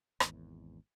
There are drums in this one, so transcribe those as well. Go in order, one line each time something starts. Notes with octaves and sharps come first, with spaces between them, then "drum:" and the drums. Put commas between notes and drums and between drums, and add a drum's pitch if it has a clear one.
G#1 E2, drum: rim click